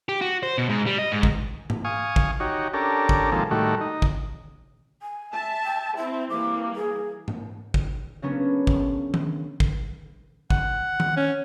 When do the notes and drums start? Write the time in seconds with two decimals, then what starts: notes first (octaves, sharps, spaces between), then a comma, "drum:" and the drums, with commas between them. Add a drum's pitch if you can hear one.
0.09 G4
0.21 F#4
0.43 C5
0.58 B2
0.69 G#2
0.86 G3
0.98 D#5
1.12 G#2
1.23 drum: kick G#1
1.70 drum: tom G#2
1.85 F5 G#5 C#6 D#6
2.16 drum: kick G#1
2.40 D#4 F#4 G4 C#5
2.73 C#4 D4 G4 A4 A#4
3.09 drum: kick G#1
3.32 D#2 C3 F3 G#3 A#3 A4
3.51 A2 D#3 G3 A3 F#4
3.81 D#4
4.02 drum: kick G#1
5.02 G#5
5.34 E5 A5
5.65 G5
5.97 C4 E4 E5
6.30 E3 G3 A#3 D6
6.76 G#4
7.28 drum: tom G#2
7.74 drum: kick G#1
8.22 C#3 F#3 A#3 B3 C#4 D4
8.67 drum: kick G#1
9.14 drum: tom D#3
9.60 drum: kick G#1
10.50 F#5, drum: kick G#1
11.00 drum: tom D#3
11.17 C#4